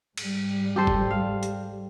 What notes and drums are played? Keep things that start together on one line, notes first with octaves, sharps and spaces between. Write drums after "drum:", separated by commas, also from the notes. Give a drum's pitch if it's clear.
G#2 G3, drum: cymbal
G4 A4 C5
drum: kick
F5
drum: hi-hat